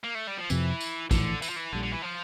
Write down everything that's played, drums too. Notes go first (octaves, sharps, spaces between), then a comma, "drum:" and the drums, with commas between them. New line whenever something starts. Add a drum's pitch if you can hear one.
A#3
A3
G3
F3
F2 C3 E3 F3 C4, drum: tambourine
drum: tambourine
A#1 A2 D3 E3, drum: kick, tambourine
E3, drum: tambourine
F3
E3
A#1 A#2 D3 G3
D3
E3
F3